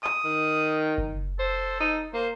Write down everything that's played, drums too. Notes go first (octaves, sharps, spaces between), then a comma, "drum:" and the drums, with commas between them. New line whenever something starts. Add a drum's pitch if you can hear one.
D#6, drum: clap
D#3
drum: kick F#1
A4 C5
D#4
A#3 C5